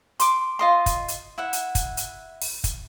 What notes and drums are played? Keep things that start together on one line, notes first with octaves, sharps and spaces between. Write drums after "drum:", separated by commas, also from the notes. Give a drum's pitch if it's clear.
C6 D6, drum: hi-hat
F4 D#5 C6
drum: kick, hi-hat
drum: hi-hat
E4 E5 F#5
drum: hi-hat
drum: kick, hi-hat
drum: hi-hat
drum: open hi-hat
drum: kick, hi-hat